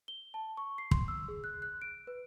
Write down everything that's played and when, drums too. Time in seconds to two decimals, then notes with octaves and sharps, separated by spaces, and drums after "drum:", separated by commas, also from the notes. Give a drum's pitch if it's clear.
0.08 G7
0.34 A5
0.57 C#6
0.78 C7
0.91 C6, drum: kick
1.08 E6
1.28 G#4
1.44 F#6
1.62 F#6
1.82 D7
2.07 B4